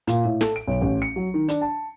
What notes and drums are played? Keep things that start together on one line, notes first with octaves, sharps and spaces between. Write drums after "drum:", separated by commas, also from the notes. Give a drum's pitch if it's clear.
A#2, drum: hi-hat
A2
A4, drum: snare
D7
B1
A1
C#7
F#3
D#3
D4, drum: hi-hat
A5